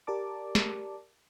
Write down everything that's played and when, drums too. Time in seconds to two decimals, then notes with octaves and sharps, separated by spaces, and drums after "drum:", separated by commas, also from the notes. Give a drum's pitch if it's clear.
0.07 G4 A#4 D5 A5 D6
0.55 drum: snare